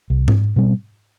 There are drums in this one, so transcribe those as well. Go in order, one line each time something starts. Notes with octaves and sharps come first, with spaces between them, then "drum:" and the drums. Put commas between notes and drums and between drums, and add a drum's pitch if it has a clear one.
C2
drum: tom G#2
B2 G3 C4